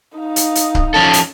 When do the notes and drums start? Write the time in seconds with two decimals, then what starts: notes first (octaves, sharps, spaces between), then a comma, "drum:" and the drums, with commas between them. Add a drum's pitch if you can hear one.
0.18 D#4 F5
0.36 drum: hi-hat
0.55 drum: hi-hat
0.75 drum: kick C#1
0.94 F3 C#4 A4
1.13 drum: hi-hat